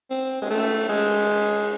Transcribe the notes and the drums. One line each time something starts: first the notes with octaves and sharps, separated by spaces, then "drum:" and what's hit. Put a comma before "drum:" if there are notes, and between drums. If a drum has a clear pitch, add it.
C4
G#3, drum: cymbal
A3
G#3